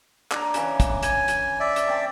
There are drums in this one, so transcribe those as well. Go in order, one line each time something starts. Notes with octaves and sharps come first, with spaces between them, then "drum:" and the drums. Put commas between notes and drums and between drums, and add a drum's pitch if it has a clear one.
D4 A#5, drum: clap
C#3 E3, drum: hi-hat
drum: kick, hi-hat
G#5, drum: hi-hat
drum: hi-hat
D5 E5
drum: hi-hat
C4 A5